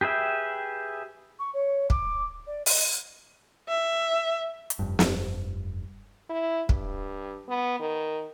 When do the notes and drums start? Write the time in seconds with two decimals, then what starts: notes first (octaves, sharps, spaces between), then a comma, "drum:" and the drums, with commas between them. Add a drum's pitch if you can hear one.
0.01 G4 G#4 B4 E5 G5
1.39 C#6
1.54 C#5
1.90 D6, drum: kick
2.47 D5
2.66 D#5, drum: open hi-hat
3.69 E5
4.70 drum: hi-hat
4.79 F1 G2
4.99 drum: snare
6.30 E4
6.69 G2, drum: kick
7.48 B3
7.80 D#3